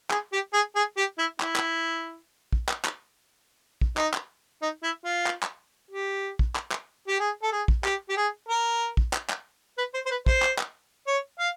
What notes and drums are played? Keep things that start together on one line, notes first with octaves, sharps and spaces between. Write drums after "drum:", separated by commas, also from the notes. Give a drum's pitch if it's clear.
G#4, drum: clap
G4
G#4
G#4
G4
E4
E4, drum: clap
drum: clap
drum: kick
drum: clap
drum: clap
drum: kick
D#4, drum: clap
drum: clap
D#4
E4
F4
drum: clap
drum: clap
G4
drum: kick
drum: clap
drum: clap
G4
G#4
A4
G#4
drum: kick
G4, drum: clap
G4
G#4
A#4
drum: kick
drum: clap
drum: clap
B4
C5
C5
B4
C5, drum: kick
drum: clap
drum: clap
C#5
F5